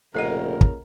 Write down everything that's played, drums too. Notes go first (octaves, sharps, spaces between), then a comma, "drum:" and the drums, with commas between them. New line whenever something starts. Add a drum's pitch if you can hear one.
F1 A#2 C#3 A4 A#4 D#5 F#5
drum: kick